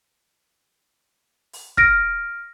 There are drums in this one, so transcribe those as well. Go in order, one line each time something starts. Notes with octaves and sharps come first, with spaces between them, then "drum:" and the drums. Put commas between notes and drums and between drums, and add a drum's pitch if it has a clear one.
drum: open hi-hat
F6 A#6 D7, drum: kick